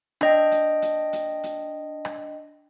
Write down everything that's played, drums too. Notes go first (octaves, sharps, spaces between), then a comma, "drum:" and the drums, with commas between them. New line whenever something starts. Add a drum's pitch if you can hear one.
D4 D#5 G5, drum: rim click
drum: hi-hat
drum: hi-hat
drum: hi-hat
drum: hi-hat
drum: rim click